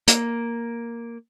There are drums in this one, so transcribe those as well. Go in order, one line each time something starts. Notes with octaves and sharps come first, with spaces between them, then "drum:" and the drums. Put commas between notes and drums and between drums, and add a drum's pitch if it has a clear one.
A#3, drum: hi-hat